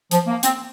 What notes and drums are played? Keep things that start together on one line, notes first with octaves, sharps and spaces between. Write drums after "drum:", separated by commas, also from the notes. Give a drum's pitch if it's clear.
F3, drum: hi-hat
A#3
C4, drum: hi-hat